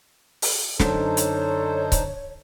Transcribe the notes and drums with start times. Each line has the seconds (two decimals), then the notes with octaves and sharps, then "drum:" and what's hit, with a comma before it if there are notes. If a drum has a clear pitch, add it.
0.42 drum: open hi-hat
0.80 F#2 D3 D4 D#4 A4 C5 C#5, drum: snare
1.17 drum: hi-hat
1.92 drum: kick C#1, hi-hat